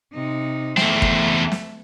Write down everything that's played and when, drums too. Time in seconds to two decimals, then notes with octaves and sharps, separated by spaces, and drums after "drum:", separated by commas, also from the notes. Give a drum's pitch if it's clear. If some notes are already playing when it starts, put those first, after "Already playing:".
0.13 C3 D#4
0.77 E2 A3 C4 E5, drum: snare
1.02 drum: kick
1.52 drum: snare